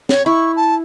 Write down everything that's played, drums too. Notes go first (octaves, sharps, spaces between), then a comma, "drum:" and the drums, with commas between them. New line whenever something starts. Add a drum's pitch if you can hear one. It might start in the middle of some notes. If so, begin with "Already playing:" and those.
C#5, drum: snare
E4 C#6
A5